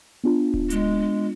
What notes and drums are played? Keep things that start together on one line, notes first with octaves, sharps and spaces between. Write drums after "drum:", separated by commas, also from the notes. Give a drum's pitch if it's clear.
B3 D4 F4
drum: kick D1
G#3, drum: hi-hat